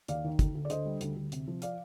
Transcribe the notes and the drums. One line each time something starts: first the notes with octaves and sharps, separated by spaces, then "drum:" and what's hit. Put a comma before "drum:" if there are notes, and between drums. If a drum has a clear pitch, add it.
D#2 D5 F5, drum: hi-hat
D#3
D2, drum: kick, hi-hat
D2
D5
D3 C5 D#5, drum: hi-hat
G3
D2, drum: hi-hat
D2
C3, drum: hi-hat
F3
D5 F5, drum: hi-hat